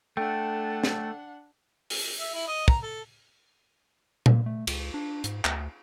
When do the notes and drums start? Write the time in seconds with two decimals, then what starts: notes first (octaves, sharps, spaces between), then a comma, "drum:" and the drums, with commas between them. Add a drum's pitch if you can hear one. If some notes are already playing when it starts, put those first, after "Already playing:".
0.17 A3 D4 A4 F#5 G5
0.84 drum: snare
1.90 drum: open hi-hat
2.20 E5
2.34 E4
2.47 D#5
2.68 A#5, drum: kick
2.83 A4
4.26 A#3, drum: tom A#2
4.46 A3
4.67 C#2, drum: cymbal
4.94 D4
5.24 G#2, drum: hi-hat
5.45 D2, drum: clap